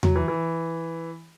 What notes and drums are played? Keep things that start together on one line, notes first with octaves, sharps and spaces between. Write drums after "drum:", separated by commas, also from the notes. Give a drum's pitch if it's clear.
F#3, drum: tom E2
E3
E3